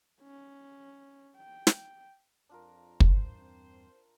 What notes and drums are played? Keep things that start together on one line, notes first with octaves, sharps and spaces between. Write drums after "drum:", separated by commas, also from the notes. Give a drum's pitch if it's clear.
C#4
G5
drum: snare
F2 D4 F4 A#4
E2 G2 C5, drum: kick
C4